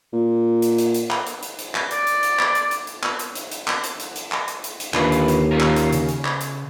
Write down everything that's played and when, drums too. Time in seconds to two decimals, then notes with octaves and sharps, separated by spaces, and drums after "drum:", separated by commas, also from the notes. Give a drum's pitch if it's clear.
0.13 A#2
0.62 drum: hi-hat
0.78 drum: hi-hat
0.94 drum: hi-hat
1.11 drum: clap
1.27 drum: hi-hat
1.43 drum: hi-hat
1.59 drum: hi-hat
1.75 drum: clap
1.91 D5, drum: hi-hat
2.07 drum: hi-hat
2.23 drum: hi-hat
2.39 drum: clap
2.55 drum: hi-hat
2.71 drum: hi-hat
2.87 drum: hi-hat
3.03 drum: clap
3.19 drum: hi-hat
3.35 drum: hi-hat
3.52 drum: hi-hat
3.68 drum: clap
3.84 drum: hi-hat
4.00 drum: hi-hat
4.16 drum: hi-hat
4.32 drum: clap
4.48 drum: hi-hat
4.64 drum: hi-hat
4.80 drum: hi-hat
4.94 D#2 D3 F4 B4, drum: clap
5.12 drum: hi-hat
5.28 drum: hi-hat
5.51 C#4 F4 A#4
5.60 drum: clap
5.76 drum: hi-hat
5.93 C#3, drum: hi-hat
6.09 drum: hi-hat
6.25 drum: clap
6.41 drum: hi-hat